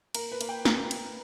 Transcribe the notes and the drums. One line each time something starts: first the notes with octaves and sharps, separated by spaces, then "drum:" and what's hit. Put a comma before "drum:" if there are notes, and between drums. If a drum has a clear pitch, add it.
A#3 A#4, drum: cymbal
B4
A#3, drum: cymbal
G5
A#3 A#5, drum: snare
A#3, drum: cymbal